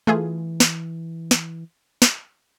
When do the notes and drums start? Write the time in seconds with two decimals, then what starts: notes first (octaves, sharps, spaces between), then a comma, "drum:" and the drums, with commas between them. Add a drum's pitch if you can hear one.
0.07 E3 A3 F4 G#4
0.60 drum: snare
1.31 drum: snare
2.02 drum: snare